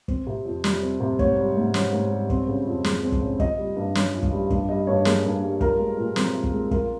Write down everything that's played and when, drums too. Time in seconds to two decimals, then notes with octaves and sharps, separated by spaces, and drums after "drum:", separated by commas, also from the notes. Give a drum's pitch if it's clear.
0.08 C4, drum: kick
0.27 C3
0.45 F2
0.64 G3, drum: snare
0.82 C4
1.00 C3
1.19 G#2 C#5, drum: kick
1.37 G3
1.56 G#2
1.74 C#4, drum: snare
1.93 G#2
2.11 G3
2.30 C4, drum: kick
2.48 C#3
2.66 F2
2.84 G#3, drum: snare
3.03 C4
3.12 drum: kick
3.21 C#3
3.40 F4 D#5, drum: kick
3.58 G3
3.76 G2
3.95 C#4, drum: snare
4.13 F4
4.23 drum: kick
4.32 G3
4.50 G2, drum: kick
4.69 G3 D#5
4.87 G2 C#5
5.05 A#3 G#4, drum: snare
5.25 G2
5.42 G3
5.61 F4 A#4, drum: kick
5.79 G#3
5.98 A#2
6.16 C4, drum: snare
6.34 F4
6.44 drum: kick
6.53 G#3
6.71 F4 A#4, drum: kick